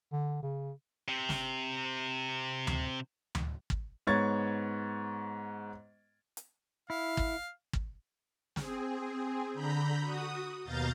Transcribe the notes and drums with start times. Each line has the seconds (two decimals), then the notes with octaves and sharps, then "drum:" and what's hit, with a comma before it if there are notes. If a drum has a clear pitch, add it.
0.12 D3
0.42 C#3
1.08 C3 C4
1.29 drum: snare
2.67 drum: tom D2
3.35 drum: tom D2
3.70 drum: kick
4.07 G#2 B3 C#5 C#6 G#6 A6
6.37 drum: hi-hat
6.90 E4 F5
7.17 drum: kick
7.73 drum: kick
8.56 C4 G#4, drum: snare
9.54 D3 A#5 B5 G6
10.00 F#4 D#6
10.64 D#2 B2 F5 A#5 G6 A6